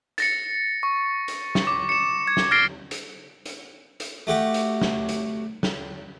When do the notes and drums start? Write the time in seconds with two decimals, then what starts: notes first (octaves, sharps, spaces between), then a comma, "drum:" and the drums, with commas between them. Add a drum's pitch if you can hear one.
0.18 A6 A#6 C#7, drum: hi-hat
0.83 C#6
1.28 drum: hi-hat
1.55 drum: snare
1.67 D6
1.89 C#7 E7
2.27 G#6
2.37 drum: snare
2.51 F6 A6 A#6 C7 D7 G7
2.91 drum: hi-hat
3.46 drum: hi-hat
4.00 drum: hi-hat
4.27 A3 F#4 G4
4.54 drum: hi-hat
4.81 drum: snare
5.09 drum: hi-hat
5.63 drum: snare